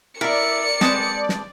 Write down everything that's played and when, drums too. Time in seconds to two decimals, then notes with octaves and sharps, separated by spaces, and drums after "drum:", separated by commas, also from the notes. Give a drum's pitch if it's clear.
0.21 E4 A#4 D5 E5 C#7
0.81 G#3 C4 B4 A5 D#6, drum: snare
1.29 drum: snare